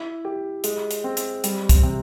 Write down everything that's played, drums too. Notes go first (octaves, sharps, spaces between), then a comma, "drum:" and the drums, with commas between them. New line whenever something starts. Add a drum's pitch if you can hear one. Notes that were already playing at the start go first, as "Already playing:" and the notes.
Already playing: E4
G4
G#3, drum: hi-hat
drum: hi-hat
C4
drum: hi-hat
G3, drum: hi-hat
drum: kick, hi-hat
C3